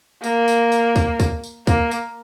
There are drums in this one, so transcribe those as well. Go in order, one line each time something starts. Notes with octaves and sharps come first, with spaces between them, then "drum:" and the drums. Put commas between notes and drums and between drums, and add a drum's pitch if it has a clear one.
A#3, drum: tambourine
drum: tambourine
drum: tambourine
drum: kick, tambourine
drum: kick, tambourine
drum: tambourine
A#3, drum: kick, tambourine
drum: tambourine